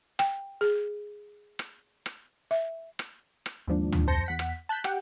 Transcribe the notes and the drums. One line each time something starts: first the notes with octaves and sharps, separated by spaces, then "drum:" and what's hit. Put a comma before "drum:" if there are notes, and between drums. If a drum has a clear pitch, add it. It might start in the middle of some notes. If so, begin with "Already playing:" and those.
G5, drum: rim click
G#4
drum: rim click
drum: rim click
E5
drum: rim click
drum: rim click
D#2 G#2 F3 D4
drum: tom
F2 C5 A5 G6 A#6 C#7
E2 F#5 B6
drum: rim click
A5 F#6 G6 B6
G4 F#5 G5, drum: rim click